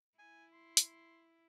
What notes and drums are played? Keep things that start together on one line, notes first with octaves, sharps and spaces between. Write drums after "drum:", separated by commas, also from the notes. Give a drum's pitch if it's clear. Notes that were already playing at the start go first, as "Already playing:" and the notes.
E4 G#5
C6
drum: hi-hat